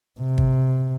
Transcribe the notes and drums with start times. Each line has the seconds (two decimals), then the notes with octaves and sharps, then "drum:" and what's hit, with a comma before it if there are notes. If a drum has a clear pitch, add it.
0.21 C3
0.38 drum: kick